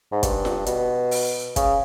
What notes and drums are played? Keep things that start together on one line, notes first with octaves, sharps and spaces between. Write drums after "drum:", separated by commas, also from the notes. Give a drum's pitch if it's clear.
G#2
G2, drum: kick, hi-hat
drum: snare F4
B2, drum: hi-hat
drum: open hi-hat
C#3, drum: kick, hi-hat